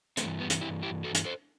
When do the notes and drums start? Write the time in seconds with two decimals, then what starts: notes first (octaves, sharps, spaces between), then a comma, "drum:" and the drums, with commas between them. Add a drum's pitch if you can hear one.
0.17 G2 E3 A3 C4, drum: hi-hat
0.40 G3 B3
0.50 drum: hi-hat
0.61 E4 G4
0.83 E4 G4
1.04 F#4 A4
1.15 drum: hi-hat
1.25 A4 C5